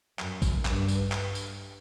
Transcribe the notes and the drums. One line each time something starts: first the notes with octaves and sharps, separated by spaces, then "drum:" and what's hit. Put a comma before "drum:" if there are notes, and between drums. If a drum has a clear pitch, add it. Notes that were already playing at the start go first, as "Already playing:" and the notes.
F#2, drum: clap
drum: kick A#1, tambourine
G2, drum: clap
drum: tambourine
drum: clap
drum: tambourine